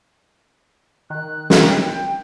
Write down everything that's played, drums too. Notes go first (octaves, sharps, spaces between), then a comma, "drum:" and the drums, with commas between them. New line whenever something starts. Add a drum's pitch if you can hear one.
D#3 F#6
drum: snare
G5